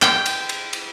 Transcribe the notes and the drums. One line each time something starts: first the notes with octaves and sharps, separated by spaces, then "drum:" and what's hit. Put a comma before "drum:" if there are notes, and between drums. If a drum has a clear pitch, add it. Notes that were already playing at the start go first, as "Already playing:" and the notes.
G5, drum: clap
drum: cymbal
drum: cymbal
drum: cymbal